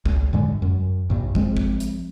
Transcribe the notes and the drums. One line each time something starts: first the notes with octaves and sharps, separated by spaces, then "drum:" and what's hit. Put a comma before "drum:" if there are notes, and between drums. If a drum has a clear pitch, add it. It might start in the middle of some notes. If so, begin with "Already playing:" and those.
C#2, drum: kick
A1 G2 D3 G#3
F#2
A#1 G2
F3 G#3 C4, drum: kick
drum: kick
drum: hi-hat